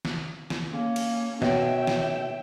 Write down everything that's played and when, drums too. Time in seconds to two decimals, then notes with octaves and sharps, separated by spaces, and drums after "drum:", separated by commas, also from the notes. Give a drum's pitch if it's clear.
0.05 drum: snare
0.50 drum: snare
0.71 A#3 C#4
0.96 drum: cymbal
1.42 B2 C#5 E5 G5, drum: snare
1.87 drum: snare